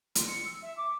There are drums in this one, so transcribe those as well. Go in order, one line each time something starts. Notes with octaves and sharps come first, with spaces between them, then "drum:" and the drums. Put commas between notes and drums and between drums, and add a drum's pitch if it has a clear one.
C6, drum: hi-hat
C#7
E6
E5
D6